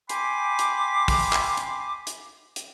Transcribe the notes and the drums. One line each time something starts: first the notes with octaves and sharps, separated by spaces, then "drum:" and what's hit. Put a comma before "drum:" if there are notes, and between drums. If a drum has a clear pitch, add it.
G5 G#5 B5 C6 D6, drum: hi-hat
drum: hi-hat
drum: kick, open hi-hat
drum: clap
drum: hi-hat
drum: hi-hat
drum: hi-hat